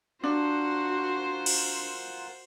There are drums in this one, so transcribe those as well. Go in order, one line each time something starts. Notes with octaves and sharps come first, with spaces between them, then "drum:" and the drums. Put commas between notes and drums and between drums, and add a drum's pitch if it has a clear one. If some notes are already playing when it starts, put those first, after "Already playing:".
D4 F4 F#4 A#4 C5 F#5
drum: cymbal